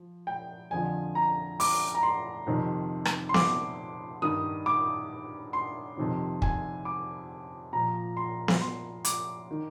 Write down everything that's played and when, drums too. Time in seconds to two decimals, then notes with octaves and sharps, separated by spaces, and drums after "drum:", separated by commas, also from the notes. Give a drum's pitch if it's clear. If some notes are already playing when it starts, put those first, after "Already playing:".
Already playing: F3
0.27 G5
0.71 F2 D3 F3 G#5
1.15 A#5
1.60 D6, drum: open hi-hat
1.95 A#5
2.03 C6
2.47 F2 C3 D#3
3.05 drum: rim click
3.29 C6
3.34 D6, drum: snare B3
4.22 G2 D#3 D#6
4.66 D6
5.53 C6
5.97 F2 C3 D#3
6.42 G#5, drum: kick
6.85 D6
7.73 A#2 F3 A#5
8.17 C6
8.48 drum: snare B3
8.61 C6
9.05 D6, drum: hi-hat
9.51 D#3